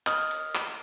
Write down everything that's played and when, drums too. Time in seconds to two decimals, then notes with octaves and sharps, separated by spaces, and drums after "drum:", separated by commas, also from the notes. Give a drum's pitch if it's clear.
0.07 D#5 D#6 F6, drum: clap
0.31 drum: cymbal
0.55 drum: clap